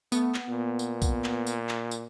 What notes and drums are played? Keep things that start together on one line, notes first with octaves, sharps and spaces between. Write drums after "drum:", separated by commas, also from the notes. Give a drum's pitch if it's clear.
A3 B3, drum: tambourine
drum: clap
A#2
drum: tambourine
drum: kick B1, tambourine
drum: clap
drum: tambourine
drum: clap
drum: tambourine